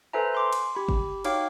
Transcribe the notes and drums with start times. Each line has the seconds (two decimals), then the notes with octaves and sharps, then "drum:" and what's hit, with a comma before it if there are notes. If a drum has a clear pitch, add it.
0.13 A4 B4 C5 E5 G#5 A#5
0.32 G#5 C6 D6
0.53 drum: cymbal
0.75 G4 B5
0.89 drum: kick
1.25 D#4 F#4 C#5 F5 G5 D6, drum: cymbal